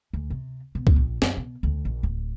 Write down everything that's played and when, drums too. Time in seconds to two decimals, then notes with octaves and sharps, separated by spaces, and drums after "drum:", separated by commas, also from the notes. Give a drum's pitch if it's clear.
0.13 D2
0.30 C3
0.75 B2
0.87 drum: kick C#2
0.96 A#1
1.22 F#2, drum: snare
1.37 B2
1.63 D2
1.85 A#1
2.03 D1